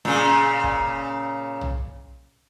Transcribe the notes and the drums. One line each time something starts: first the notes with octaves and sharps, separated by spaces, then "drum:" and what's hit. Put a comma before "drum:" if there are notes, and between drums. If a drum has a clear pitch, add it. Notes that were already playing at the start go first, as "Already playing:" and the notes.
A#2 C#3, drum: snare
drum: kick
drum: tom